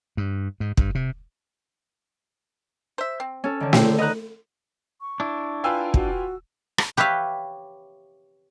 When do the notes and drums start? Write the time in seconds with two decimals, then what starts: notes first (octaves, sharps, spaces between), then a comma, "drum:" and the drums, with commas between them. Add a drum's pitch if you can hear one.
0.17 G2
0.60 G#2
0.77 G2, drum: kick
0.95 C3
2.98 C5 E5
3.20 C4
3.44 C#4 A4
3.60 D3 D#3
3.73 C4 C5, drum: snare
3.98 B3 D#4 D#5 D#6 F#6
5.01 C#6
5.20 D4 E4
5.64 F4 B4 F5 G5 G#5 E6
5.94 F#4, drum: kick
6.78 drum: rim click
6.97 G4 B4 C#5 E5 F5